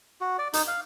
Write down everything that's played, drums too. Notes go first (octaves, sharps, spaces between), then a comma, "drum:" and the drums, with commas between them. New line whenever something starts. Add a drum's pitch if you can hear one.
F#4
D5
D#4, drum: hi-hat
F5